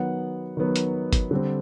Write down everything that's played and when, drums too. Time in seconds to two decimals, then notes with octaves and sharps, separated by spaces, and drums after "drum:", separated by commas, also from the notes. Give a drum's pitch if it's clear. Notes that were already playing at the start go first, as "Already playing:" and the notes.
Already playing: D#3 F#3 B3 F#5
0.57 D#3 F#3 B3
0.76 drum: hi-hat
1.13 drum: kick G1, hi-hat
1.31 D3 G3 C4